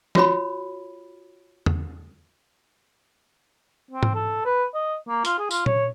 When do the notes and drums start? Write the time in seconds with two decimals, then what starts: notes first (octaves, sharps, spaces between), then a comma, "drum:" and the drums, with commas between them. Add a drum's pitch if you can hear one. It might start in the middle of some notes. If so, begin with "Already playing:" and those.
0.15 F4 F#4 C#5 B5, drum: snare
1.66 drum: tom E2
3.91 C4
4.03 drum: tom G#2
4.15 A4
4.45 B4
4.74 D#5
5.09 A#3
5.25 F4, drum: hi-hat
5.39 G#4
5.51 F4, drum: tambourine
5.66 C#5, drum: tom A#2